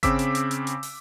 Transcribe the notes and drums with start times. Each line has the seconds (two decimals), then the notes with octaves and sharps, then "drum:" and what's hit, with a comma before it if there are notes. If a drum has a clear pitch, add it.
0.03 C#3 C4 D6 E6 B6, drum: kick G#1, hi-hat
0.19 drum: hi-hat
0.35 drum: hi-hat
0.51 drum: hi-hat
0.67 drum: hi-hat
0.83 drum: open hi-hat